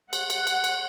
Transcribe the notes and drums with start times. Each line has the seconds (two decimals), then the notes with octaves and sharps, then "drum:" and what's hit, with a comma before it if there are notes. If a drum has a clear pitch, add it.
0.13 F#5, drum: cymbal
0.30 drum: cymbal
0.47 drum: cymbal
0.64 drum: cymbal